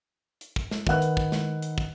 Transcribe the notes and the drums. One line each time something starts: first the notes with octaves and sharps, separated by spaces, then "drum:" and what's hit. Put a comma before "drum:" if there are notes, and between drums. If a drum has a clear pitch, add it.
drum: hi-hat
drum: kick
drum: snare
D#3 B4 F#5 F#6, drum: kick
drum: hi-hat
drum: kick
drum: snare
drum: hi-hat
drum: kick